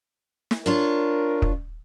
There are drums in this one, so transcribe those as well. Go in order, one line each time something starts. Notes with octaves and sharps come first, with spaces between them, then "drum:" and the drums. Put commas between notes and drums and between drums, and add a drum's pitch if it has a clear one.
drum: snare
D4 F4 A#4 C#5
drum: kick